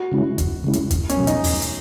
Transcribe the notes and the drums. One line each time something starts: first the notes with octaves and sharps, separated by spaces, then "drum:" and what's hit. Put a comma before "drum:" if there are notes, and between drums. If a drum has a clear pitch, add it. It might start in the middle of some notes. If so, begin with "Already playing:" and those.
Already playing: F#4
C#3 G#3 C#4 E4
E2, drum: kick, hi-hat
C#3 G#3 C#4 E4
drum: hi-hat
E2, drum: kick, hi-hat
C#4, drum: hi-hat
B2 F#3
D#4, drum: hi-hat
E2, drum: open hi-hat
drum: hi-hat